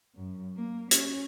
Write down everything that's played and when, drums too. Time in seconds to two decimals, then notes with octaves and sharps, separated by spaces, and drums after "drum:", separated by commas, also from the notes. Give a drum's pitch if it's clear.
0.16 F#2
0.56 A#3
0.91 C#4, drum: hi-hat